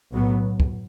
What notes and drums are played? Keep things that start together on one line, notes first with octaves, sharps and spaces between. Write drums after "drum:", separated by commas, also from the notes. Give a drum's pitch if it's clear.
B1 A2 F#3 B3
drum: kick